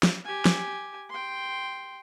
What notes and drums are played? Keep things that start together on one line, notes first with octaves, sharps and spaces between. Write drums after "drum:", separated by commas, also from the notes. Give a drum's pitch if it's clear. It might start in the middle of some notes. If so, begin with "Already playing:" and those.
drum: snare
G4 G#5
drum: snare
G5 C6